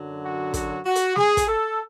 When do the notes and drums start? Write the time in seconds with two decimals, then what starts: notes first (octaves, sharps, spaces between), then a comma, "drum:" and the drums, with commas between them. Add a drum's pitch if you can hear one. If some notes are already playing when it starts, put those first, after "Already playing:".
Already playing: F#2 D3 F#3
0.23 F#4
0.54 F#4, drum: kick, hi-hat
0.85 F#4
0.95 drum: hi-hat
1.16 G#4, drum: snare
1.37 drum: kick, hi-hat
1.47 A4